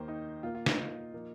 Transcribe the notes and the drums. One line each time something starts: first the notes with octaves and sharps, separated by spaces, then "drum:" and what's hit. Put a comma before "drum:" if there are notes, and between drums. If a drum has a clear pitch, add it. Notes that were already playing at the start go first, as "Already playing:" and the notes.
Already playing: D#2 D#3 A#3 C5
D#4
A#2 A#3 F4
F4
D#4, drum: snare
D#4
A#2 F3 A#3